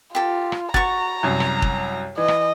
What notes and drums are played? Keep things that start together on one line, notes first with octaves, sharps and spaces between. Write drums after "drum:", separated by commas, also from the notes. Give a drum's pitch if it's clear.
F4 G4 A4
drum: rim click
F#4 A#5 C#6 A6, drum: kick
C2 F#2
drum: rim click
drum: kick
E3 D#5
drum: rim click